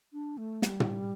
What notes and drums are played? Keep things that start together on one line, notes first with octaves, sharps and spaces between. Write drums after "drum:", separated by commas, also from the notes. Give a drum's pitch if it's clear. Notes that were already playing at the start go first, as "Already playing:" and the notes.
D4
A3
G3, drum: snare
drum: tom